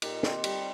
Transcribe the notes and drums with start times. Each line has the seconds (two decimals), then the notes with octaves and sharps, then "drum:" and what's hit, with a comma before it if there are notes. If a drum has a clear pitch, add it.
0.02 A#2 D#4 G4, drum: cymbal
0.23 C4, drum: snare
0.44 G3, drum: cymbal